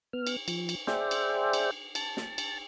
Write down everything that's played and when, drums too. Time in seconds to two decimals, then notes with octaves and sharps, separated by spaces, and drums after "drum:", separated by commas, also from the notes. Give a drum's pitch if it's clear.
0.13 B3 F6
0.27 drum: cymbal
0.48 F3, drum: cymbal
0.69 drum: cymbal
0.87 G#4 C5 D5 E5 G5, drum: snare
1.11 drum: cymbal
1.53 drum: cymbal
1.95 A5, drum: cymbal
2.17 drum: snare
2.38 drum: cymbal